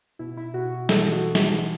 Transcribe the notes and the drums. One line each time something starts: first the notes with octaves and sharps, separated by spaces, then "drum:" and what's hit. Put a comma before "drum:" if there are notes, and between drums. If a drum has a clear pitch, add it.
B2 E4
E4
B2 F#4
E3 A4, drum: snare
F#4
E3
drum: snare
E3